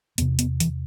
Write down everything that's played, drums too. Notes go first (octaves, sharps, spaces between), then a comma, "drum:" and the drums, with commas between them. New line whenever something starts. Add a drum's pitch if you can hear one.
E2 C3 B3, drum: hi-hat
B3, drum: hi-hat
E3, drum: hi-hat